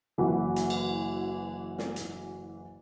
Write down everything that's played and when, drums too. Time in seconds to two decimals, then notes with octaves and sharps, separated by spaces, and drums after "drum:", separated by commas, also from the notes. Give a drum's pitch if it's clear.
0.18 F#1 E3 F#4 B5
0.56 drum: hi-hat
0.70 drum: cymbal
1.78 drum: snare
1.96 drum: hi-hat